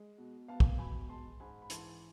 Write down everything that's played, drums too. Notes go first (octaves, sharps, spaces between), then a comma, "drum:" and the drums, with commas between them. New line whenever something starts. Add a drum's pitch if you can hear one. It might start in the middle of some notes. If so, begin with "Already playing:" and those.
Already playing: G#3
B2
B3 F5 A5
drum: kick
B2 G#5 B5
G#3 A5 C6
G#2 G#5 B5
B5
E3 A5 C6, drum: hi-hat